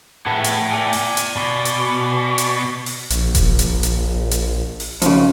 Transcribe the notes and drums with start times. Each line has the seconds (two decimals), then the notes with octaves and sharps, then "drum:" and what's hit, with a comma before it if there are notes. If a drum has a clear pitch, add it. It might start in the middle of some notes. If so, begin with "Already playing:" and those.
0.26 A2 G#4 B4 F#5
0.44 drum: hi-hat
0.72 D5 G#5
0.93 drum: open hi-hat
1.17 drum: hi-hat
1.37 B2
1.65 drum: hi-hat
2.38 drum: hi-hat
2.86 drum: open hi-hat
3.10 A#1, drum: hi-hat
3.35 drum: kick E1, hi-hat
3.59 drum: hi-hat
3.83 drum: hi-hat
4.31 drum: hi-hat
4.80 drum: open hi-hat
5.02 F2 C#3, drum: hi-hat